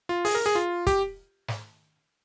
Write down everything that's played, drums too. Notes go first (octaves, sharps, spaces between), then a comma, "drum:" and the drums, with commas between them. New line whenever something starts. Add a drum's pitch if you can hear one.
F4
G#4, drum: open hi-hat
A#4
G#4
F4
G4, drum: kick, hi-hat
drum: snare